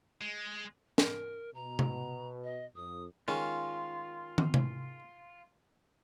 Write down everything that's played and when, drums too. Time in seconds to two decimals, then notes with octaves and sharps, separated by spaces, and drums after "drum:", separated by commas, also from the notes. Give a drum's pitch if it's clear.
0.21 G#3
0.98 A#4, drum: snare
1.54 B2 A#5
1.79 drum: tom C3
2.44 D#5
2.76 F2 D#6
3.28 D#3 G#3 C#4 F4
4.38 drum: tom
4.54 drum: tom C3